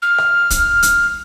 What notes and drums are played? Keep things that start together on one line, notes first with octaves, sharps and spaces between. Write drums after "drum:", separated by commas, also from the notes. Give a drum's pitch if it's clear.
F6
drum: rim click
drum: kick, hi-hat
drum: hi-hat